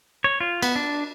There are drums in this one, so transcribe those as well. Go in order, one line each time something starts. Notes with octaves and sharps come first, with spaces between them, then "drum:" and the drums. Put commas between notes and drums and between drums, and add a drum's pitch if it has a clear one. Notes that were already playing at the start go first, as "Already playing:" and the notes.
C#5
F4
B3, drum: cymbal
D4